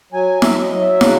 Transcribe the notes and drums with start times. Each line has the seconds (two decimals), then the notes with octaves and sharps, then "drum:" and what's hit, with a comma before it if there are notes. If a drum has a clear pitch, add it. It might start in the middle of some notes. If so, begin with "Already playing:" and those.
0.12 F#3 G#5
0.42 F#3 E5, drum: snare
0.61 D#5
0.71 F#3
0.81 E5
1.01 C#3 F#5, drum: snare